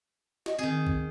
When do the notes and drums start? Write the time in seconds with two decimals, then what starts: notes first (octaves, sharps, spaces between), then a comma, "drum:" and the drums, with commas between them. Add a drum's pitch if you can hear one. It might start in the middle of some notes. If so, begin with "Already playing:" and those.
0.46 D#5, drum: snare
0.59 D#3 C4 G#4
0.87 drum: kick A#1